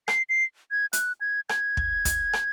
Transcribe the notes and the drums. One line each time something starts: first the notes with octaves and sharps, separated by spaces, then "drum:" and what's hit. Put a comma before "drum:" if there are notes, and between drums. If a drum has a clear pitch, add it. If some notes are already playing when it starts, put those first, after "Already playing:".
C7, drum: rim click
C7
G#6
F#6, drum: hi-hat
G#6
G#6, drum: rim click
drum: kick
drum: kick, hi-hat
drum: rim click